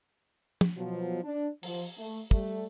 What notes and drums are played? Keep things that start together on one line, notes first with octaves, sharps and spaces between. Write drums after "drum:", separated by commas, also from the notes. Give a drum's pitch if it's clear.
drum: tom
B2 F3 F#3
D4
F3, drum: open hi-hat
A3
G3 A3, drum: kick